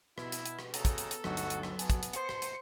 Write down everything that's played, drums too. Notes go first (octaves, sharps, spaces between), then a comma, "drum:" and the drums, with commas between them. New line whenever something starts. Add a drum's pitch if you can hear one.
B2 E4, drum: rim click
drum: hi-hat
drum: hi-hat
drum: rim click
C#3 A4 A#5, drum: hi-hat
drum: kick, hi-hat
drum: hi-hat
drum: hi-hat
G1 D2 F#3 D#4 F#4, drum: rim click
drum: hi-hat
drum: hi-hat
drum: rim click
B3 G#5 A5, drum: hi-hat
drum: kick, hi-hat
drum: hi-hat
C5 C#7, drum: hi-hat
drum: rim click
drum: hi-hat